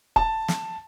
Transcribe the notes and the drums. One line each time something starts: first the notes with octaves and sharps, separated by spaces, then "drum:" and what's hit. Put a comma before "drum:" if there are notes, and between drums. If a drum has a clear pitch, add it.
A5, drum: kick E1
drum: snare